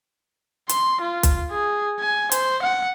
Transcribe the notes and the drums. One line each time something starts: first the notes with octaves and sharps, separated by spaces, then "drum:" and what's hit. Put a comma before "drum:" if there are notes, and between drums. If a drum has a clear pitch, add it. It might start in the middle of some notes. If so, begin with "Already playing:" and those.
C6, drum: hi-hat
F4
drum: kick, hi-hat
G#4
G#5
C5, drum: hi-hat
F#5